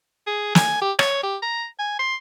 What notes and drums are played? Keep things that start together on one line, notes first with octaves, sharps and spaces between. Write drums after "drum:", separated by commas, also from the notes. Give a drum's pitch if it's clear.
G#4
G#5, drum: snare
G4
C#5, drum: rim click
G4
A#5
G#5
C6